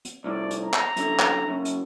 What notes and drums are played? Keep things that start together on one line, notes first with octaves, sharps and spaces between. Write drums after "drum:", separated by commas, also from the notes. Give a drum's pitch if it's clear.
drum: hi-hat
C2 A2 D5
drum: hi-hat
A#5
drum: clap
F#2 D3, drum: hi-hat
drum: clap
F#2 C#3
drum: hi-hat